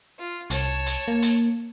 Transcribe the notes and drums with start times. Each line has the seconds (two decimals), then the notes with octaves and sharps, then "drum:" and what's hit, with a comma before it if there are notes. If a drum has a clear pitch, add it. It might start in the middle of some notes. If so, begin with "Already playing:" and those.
0.18 F4
0.50 C2 C#5 A5, drum: hi-hat
0.86 drum: hi-hat
1.08 A#3
1.22 drum: hi-hat